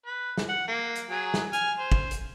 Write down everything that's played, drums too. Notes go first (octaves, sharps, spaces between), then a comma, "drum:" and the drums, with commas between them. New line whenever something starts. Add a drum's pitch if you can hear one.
B4
drum: snare
F#5
A#3
drum: hi-hat
F#3 G#4
drum: snare
G#5 F6, drum: hi-hat
C5
drum: kick
drum: hi-hat